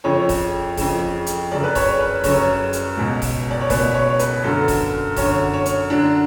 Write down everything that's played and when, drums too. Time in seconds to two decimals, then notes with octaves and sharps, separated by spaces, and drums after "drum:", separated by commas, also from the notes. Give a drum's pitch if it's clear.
0.04 F2 C#3 C#5
0.29 drum: kick E1, open hi-hat
0.77 F2 C#3, drum: kick E1, open hi-hat
1.26 drum: hi-hat
1.51 F#2 C#3 D5
1.63 B4
1.75 C#5, drum: kick E1, open hi-hat
1.99 B4
2.24 F#2 C#3 C#5, drum: kick E1, open hi-hat
2.73 drum: hi-hat
2.97 C#2 B2
3.22 drum: kick E1, open hi-hat
3.51 D5
3.61 C#5
3.70 C#2 B2 B4, drum: kick E1, open hi-hat
3.94 C#5
4.19 B4, drum: hi-hat
4.43 F#2 D3 A4
4.68 drum: kick E1, open hi-hat
5.16 F#2 D3 C#5, drum: kick E1, open hi-hat
5.54 C#5
5.66 drum: hi-hat
5.90 F#2 D3 D4